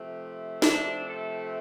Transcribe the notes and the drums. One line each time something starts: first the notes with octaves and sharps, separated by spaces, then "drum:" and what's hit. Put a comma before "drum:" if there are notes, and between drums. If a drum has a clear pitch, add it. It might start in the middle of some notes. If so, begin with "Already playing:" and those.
Already playing: C3 F3 A3
D4, drum: snare
A4